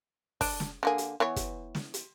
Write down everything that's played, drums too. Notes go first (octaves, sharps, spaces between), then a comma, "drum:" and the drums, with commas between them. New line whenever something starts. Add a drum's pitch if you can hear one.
D4, drum: kick, open hi-hat
drum: snare
D3 A#3 G#4
drum: hi-hat
E3 B3 C#5
drum: kick, hi-hat
drum: snare
drum: hi-hat